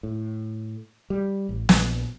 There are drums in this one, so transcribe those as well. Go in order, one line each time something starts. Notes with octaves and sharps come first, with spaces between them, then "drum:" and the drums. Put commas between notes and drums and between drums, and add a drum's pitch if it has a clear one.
A2
G3
A1
A#1, drum: snare